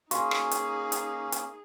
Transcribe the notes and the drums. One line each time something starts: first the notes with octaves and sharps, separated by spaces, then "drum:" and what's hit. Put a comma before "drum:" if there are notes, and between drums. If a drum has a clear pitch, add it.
A#3 C#4 D#4 F#4 G#4 F5 C#6, drum: hi-hat
drum: rim click
drum: hi-hat
drum: hi-hat
drum: hi-hat